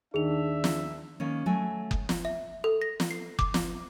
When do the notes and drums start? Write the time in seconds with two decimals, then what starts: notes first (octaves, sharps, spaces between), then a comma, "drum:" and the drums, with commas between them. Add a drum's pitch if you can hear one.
0.14 D#2 D4 G#4 E5 F7
0.64 drum: snare
1.20 D#3 A#3 C#4
1.46 F#3 A3 G#5
1.91 drum: kick F#1
2.09 drum: snare
2.25 E5
2.64 A4
2.82 A#6
3.00 drum: snare
3.11 C7
3.39 D6, drum: kick F#1
3.54 drum: snare